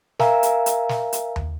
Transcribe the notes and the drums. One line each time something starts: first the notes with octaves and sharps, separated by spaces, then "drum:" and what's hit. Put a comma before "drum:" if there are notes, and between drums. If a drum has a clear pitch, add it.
A#4 E5 F5 G#5 A#5, drum: snare
drum: hi-hat
drum: hi-hat
drum: snare
drum: hi-hat
drum: tom D#2